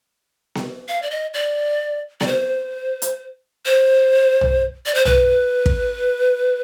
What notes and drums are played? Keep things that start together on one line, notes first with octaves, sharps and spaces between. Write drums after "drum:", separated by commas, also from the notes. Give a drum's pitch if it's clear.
drum: snare B3
F5
D5
D#5
D5
D5, drum: snare B3
C5
drum: hi-hat
C5
drum: tom
D5
C5
B4, drum: tom
drum: kick